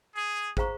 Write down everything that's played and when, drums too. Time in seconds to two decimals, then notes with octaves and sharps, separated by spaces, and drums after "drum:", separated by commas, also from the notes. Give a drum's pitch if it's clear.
0.15 G#4
0.57 G#4 C5 F5 A#5 C#6, drum: kick